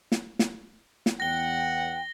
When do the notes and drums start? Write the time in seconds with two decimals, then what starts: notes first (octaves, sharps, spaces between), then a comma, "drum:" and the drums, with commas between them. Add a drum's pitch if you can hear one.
0.12 drum: snare
0.39 drum: snare
1.06 drum: snare
1.20 E2 F#5 G5 A#6 G7